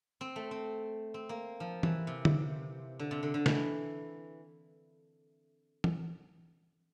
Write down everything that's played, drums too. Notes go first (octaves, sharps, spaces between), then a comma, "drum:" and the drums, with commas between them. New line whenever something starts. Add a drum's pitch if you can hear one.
C4
A3
C4
C4
A#3
F3
E3, drum: tom E3
C3
drum: tom D3
D3
C3
D3
D3
E3, drum: snare
drum: tom E3